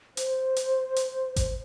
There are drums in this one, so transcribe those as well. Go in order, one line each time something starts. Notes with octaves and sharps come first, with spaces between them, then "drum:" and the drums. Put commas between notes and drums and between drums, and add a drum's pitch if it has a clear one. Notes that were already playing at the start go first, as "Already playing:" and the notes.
C5, drum: hi-hat
drum: hi-hat
drum: hi-hat
drum: kick G#1, hi-hat